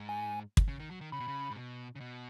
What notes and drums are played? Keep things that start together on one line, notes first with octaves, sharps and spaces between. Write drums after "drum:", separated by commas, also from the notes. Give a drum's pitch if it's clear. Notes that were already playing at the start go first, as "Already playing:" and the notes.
Already playing: G#2
G#5
drum: kick
C#3
D#3
F#3
D#3
C#3 B5
B2
C#3
G#2
B2
C#3
B2